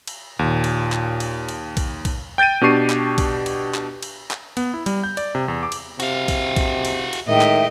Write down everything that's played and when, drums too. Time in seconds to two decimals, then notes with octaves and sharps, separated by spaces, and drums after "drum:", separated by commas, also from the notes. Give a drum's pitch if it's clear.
0.07 drum: cymbal
0.39 D#2 A#2
0.64 drum: cymbal
0.92 drum: clap
1.20 drum: cymbal
1.49 drum: cymbal
1.77 drum: kick, cymbal
2.05 drum: kick, cymbal
2.38 G5 G6 A6 D7 D#7
2.61 B2 D4 G4 C#6 C7 D#7
2.90 drum: clap
3.18 drum: kick, cymbal
3.46 drum: cymbal
3.74 drum: clap
4.03 drum: cymbal
4.31 drum: clap
4.57 B3, drum: cymbal
4.74 E4
4.86 G3, drum: cymbal
5.03 G6
5.17 D5, drum: cymbal
5.35 C3
5.48 E2
5.63 D6
5.72 drum: cymbal
6.00 C3 F#4 F5, drum: cymbal
6.28 drum: kick, cymbal
6.56 drum: kick, cymbal
6.85 drum: cymbal
7.13 drum: cymbal
7.28 A2 D#3 G#3 D#5 E5 G5
7.41 drum: clap